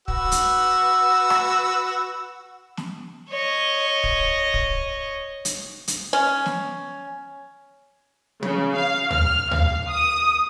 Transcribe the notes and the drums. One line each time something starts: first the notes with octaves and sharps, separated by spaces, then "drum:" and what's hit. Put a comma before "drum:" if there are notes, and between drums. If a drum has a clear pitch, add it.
F#4 B4 E6, drum: kick
drum: hi-hat
drum: rim click
drum: snare
C#5 D#5
drum: kick
drum: kick
drum: hi-hat
drum: hi-hat
C#4
drum: snare
C#3, drum: tom
F5
F6, drum: tom D2
F5, drum: tom D2
D#6